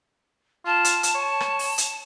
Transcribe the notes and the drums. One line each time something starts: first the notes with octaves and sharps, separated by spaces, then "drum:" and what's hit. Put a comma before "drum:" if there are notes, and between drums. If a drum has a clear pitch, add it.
F4 A5
drum: hi-hat
drum: hi-hat
C#5
drum: rim click
drum: open hi-hat
drum: hi-hat